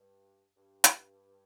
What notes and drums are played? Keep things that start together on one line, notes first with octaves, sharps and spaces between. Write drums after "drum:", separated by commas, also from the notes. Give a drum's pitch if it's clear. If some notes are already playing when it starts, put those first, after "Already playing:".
Already playing: G2
G2
drum: hi-hat